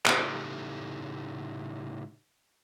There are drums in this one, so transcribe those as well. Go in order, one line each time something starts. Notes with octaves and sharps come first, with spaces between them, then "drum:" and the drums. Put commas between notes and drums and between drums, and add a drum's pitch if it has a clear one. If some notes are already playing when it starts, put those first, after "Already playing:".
A2 C#3 A3 D#4 G4, drum: clap